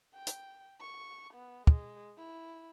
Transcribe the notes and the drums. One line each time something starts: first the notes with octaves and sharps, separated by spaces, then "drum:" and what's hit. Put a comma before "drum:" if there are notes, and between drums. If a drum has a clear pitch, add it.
G5
drum: hi-hat
C#6
B3
G#3, drum: kick
E4